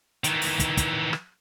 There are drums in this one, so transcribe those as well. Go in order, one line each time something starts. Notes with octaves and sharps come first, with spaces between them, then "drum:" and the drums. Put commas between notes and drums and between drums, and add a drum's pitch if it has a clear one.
D#3 E3, drum: hi-hat
drum: open hi-hat
drum: kick, hi-hat
drum: kick, hi-hat
drum: rim click